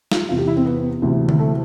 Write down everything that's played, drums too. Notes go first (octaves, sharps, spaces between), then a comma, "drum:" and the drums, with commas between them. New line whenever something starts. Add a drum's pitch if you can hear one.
F4, drum: snare
E2 C3 E3 F4
G4
E4
C4
B3
D2 C3 E3
drum: tom D3
A3